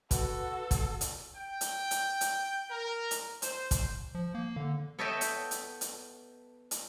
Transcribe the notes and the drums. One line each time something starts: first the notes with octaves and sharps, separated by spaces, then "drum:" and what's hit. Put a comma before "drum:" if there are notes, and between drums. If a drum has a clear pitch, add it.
F#4 A4 B4, drum: kick, hi-hat
drum: kick, hi-hat
drum: hi-hat
G5
drum: hi-hat
drum: hi-hat
drum: hi-hat
A#4
drum: hi-hat
C5, drum: hi-hat
drum: kick, hi-hat
F3
A#3
D3
B3 A4 C#5 D#5 E5 G5
drum: hi-hat
drum: hi-hat
drum: hi-hat
drum: hi-hat